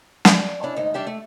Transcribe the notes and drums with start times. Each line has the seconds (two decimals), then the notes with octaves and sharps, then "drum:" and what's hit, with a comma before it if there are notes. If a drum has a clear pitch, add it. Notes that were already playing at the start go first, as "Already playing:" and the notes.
0.25 D5, drum: snare
0.63 C#4 D4 E4
0.76 D2 G#2 D#4
0.94 G3 D4 G4 E5
1.07 A3